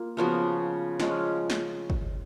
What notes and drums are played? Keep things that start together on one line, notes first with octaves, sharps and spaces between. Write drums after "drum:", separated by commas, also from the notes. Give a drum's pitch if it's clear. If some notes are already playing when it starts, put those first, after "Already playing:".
Already playing: A#3 F4
C#3 F3 B3 F#4
F3 G#3 C#4, drum: snare
drum: snare
drum: kick